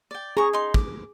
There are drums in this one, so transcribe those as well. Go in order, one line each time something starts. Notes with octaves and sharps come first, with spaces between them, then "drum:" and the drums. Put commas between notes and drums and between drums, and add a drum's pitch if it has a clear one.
D5 G5
G#4 A#5 C#6
D#4 C6
D6, drum: kick